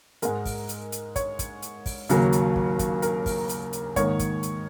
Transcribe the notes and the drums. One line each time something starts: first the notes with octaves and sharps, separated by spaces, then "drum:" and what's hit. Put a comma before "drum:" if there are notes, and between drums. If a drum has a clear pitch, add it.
G#2 G#3 A#4, drum: hi-hat
drum: kick, open hi-hat
drum: hi-hat
drum: hi-hat
C#5, drum: kick, hi-hat
drum: kick, hi-hat
drum: hi-hat
drum: kick, open hi-hat
D#2 C#3 F#3 A#3, drum: hi-hat
drum: hi-hat
drum: kick
drum: kick, hi-hat
A#4, drum: hi-hat
drum: kick, open hi-hat
drum: hi-hat
drum: hi-hat
G#2 D#3 A#3 C#5, drum: kick, hi-hat
drum: kick, hi-hat
drum: hi-hat